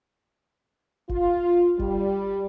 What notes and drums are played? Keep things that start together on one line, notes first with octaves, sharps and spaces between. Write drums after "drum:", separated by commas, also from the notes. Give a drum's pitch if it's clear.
F4, drum: kick F#1
G3, drum: kick F#1